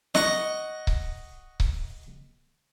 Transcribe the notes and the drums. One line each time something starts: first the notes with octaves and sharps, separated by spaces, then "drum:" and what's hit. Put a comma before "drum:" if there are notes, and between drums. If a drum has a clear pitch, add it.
D#5 F#5 C#6, drum: snare
drum: kick C#1
drum: kick C#1